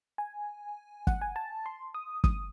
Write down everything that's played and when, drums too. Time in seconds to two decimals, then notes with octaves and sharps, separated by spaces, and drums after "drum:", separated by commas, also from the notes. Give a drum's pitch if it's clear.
0.18 G#5
1.07 F#5, drum: kick
1.21 G#5
1.36 A5
1.66 C6
1.94 D#6
2.24 D#6, drum: kick